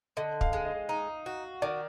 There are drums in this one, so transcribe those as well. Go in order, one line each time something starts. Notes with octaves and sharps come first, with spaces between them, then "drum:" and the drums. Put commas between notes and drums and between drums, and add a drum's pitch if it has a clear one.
D3 D#5
F5, drum: kick
G#3
D#5
D#4
F#4
D#3 D5